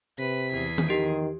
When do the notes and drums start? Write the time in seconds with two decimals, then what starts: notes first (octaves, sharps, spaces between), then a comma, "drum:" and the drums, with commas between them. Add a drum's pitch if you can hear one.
0.19 C3 B4 B6
0.52 E2 G#4
0.78 drum: tom D#3
0.89 D#3 G4 D7